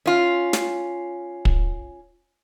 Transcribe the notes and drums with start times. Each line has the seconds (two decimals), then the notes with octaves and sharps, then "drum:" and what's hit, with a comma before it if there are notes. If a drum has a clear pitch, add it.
0.06 C#4 F4
0.53 drum: snare
1.45 drum: kick